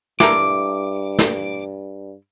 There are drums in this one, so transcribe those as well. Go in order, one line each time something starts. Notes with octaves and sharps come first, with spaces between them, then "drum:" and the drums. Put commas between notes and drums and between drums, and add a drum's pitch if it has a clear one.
G2 E4 A4 A#4 D6, drum: snare
drum: snare